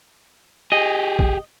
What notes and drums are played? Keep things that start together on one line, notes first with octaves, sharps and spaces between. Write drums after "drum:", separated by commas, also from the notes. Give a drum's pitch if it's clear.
G4 G#4 D#5
drum: kick